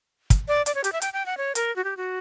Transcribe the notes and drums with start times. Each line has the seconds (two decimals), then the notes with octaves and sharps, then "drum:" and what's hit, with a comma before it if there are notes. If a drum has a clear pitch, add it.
0.30 drum: kick, hi-hat
0.48 D5
0.66 D5, drum: hi-hat
0.75 C#5
0.84 G4, drum: hi-hat
0.93 E5
1.02 G5, drum: hi-hat
1.13 G5
1.26 F#5
1.37 C#5
1.55 A#4, drum: hi-hat
1.76 F#4
1.84 G4
1.97 F#4